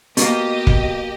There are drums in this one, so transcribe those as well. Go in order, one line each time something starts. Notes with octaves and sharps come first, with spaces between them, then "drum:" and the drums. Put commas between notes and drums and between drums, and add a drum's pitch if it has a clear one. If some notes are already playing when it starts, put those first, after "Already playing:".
B2 A#3 G4 D#5, drum: hi-hat
drum: kick